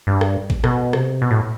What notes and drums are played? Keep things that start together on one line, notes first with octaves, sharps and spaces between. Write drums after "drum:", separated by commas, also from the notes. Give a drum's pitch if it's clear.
G2
drum: rim click
drum: kick
B2, drum: rim click
C3, drum: rim click
B2
A2